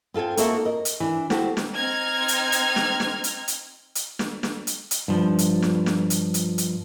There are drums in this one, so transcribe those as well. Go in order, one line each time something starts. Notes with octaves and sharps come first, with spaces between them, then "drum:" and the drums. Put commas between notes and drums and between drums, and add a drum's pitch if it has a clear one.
C4 F4 A4 G5 G#5
A#3 D#4 F4 F#4 A4 E5, drum: hi-hat
A#4 D#5
drum: hi-hat
E3 D4
C4 F#4 G4 A4, drum: snare
drum: snare
C4 D#4 F6 G#6
drum: hi-hat
drum: hi-hat
drum: snare
drum: snare
drum: hi-hat
drum: hi-hat
drum: hi-hat
drum: snare
drum: snare
drum: hi-hat
drum: hi-hat
G2 F3
drum: hi-hat
drum: snare
drum: snare
drum: hi-hat
drum: hi-hat
drum: hi-hat